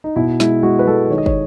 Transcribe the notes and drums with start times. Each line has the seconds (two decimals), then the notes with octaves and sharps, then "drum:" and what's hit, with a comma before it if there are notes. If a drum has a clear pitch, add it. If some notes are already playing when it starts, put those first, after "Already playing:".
0.04 D#4
0.16 B2 E4
0.40 G#3 E4, drum: snare
0.63 G#3 F#4
0.79 B4
0.87 G#3 A4
1.10 D#3 C#5
1.18 D#5
1.26 C#5, drum: kick